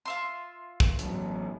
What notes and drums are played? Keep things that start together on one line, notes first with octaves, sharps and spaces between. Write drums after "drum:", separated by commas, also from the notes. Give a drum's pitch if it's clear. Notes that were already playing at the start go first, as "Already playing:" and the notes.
F4 E5 C6
drum: kick
A1 F#3, drum: hi-hat